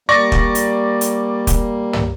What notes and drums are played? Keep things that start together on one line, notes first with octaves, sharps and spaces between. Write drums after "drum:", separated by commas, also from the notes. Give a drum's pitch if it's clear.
G3 A#3 D5 C#6 A#6
drum: kick
drum: hi-hat
drum: hi-hat
drum: kick, hi-hat
drum: tom